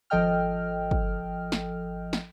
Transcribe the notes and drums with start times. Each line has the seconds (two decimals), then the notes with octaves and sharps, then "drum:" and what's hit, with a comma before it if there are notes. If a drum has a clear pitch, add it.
0.10 G#1 F3 A4 D#5 G5 F6
0.91 drum: kick
1.52 drum: snare
2.13 drum: snare